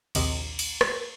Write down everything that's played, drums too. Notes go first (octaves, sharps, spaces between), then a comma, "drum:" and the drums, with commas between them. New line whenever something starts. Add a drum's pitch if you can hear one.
A#1 D#2 C3 D#5, drum: cymbal
drum: cymbal
drum: rim click